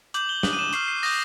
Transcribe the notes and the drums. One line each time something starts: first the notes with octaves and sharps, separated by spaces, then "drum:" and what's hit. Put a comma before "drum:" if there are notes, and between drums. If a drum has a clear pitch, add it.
D6 G6 F#7, drum: hi-hat
G7
D#6 F#6 F#7, drum: snare
D#7
E7
C#6 F6 C7, drum: hi-hat
C7
D#6 G6 A#6, drum: open hi-hat